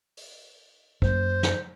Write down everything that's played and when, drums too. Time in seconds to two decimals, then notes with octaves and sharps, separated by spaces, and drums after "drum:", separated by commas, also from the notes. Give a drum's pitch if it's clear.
0.17 drum: open hi-hat
1.02 F#2 A#3 C5, drum: kick
1.43 drum: snare